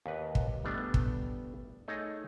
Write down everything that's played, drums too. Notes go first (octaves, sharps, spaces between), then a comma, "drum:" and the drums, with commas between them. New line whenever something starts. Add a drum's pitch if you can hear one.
D#2 B4
drum: kick
G3 A3 B3 D4
drum: kick
A3 D#4 G#4 C#5 D#5